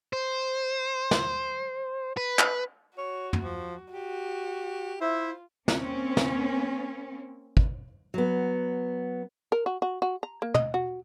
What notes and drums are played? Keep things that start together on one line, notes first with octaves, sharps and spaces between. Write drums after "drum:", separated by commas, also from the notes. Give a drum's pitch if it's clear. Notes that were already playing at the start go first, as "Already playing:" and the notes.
C5
drum: snare
B4
drum: clap
F#4 C#5
drum: tom
F3
F#4 G4
E4 F4 C5 E5
A#3 C4 C#4, drum: snare
drum: snare
drum: kick
F#3 B3
A#4
F#4
F#4
F#4
A#5
A#3
D#5, drum: tom
F#4